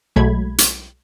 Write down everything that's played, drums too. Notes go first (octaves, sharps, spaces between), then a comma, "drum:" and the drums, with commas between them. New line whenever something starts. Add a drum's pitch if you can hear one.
B1 F#3 G#3 A3 B5 G#6
drum: hi-hat